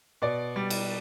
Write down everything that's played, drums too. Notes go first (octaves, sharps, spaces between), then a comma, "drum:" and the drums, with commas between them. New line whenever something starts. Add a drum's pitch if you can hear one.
B2 D5
G3
drum: cymbal